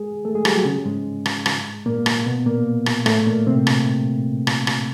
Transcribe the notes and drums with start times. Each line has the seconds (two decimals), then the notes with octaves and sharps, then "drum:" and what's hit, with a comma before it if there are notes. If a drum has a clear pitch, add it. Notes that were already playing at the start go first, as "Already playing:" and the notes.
Already playing: G#3 G#4
0.25 A3 A4
0.35 G#3 G#4
0.45 G3 G4, drum: rim click
0.55 F#3 F#4
0.65 C#3 C#4
0.85 G#2 G#3
1.26 drum: rim click
1.46 drum: rim click
1.86 A#2 A#3
2.06 drum: rim click
2.26 B2 B3
2.46 A#2 A#3
2.86 drum: rim click
3.06 A2 A3, drum: rim click
3.27 A#2 A#3
3.46 C3 C4
3.67 drum: rim click
4.47 drum: rim click
4.67 drum: rim click